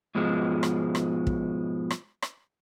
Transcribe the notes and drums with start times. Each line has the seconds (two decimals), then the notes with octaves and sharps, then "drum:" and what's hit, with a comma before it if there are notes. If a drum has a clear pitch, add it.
0.15 G#2 B2 F3 G#3
0.63 drum: rim click
0.95 drum: rim click
1.27 drum: kick
1.90 drum: rim click
2.22 drum: rim click